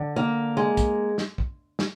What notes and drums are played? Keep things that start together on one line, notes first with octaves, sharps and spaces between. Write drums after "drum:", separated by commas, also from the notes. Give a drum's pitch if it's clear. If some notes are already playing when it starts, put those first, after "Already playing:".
Already playing: D3
A#3
G#3
drum: kick, hi-hat
drum: snare
drum: kick
drum: snare